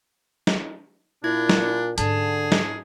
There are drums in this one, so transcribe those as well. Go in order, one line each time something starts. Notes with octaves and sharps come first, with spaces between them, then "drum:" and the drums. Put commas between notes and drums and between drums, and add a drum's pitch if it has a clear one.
drum: snare
A#2 D4 E4 G#6
drum: snare
G#2 D3 C#4 G#4 A5, drum: hi-hat
drum: snare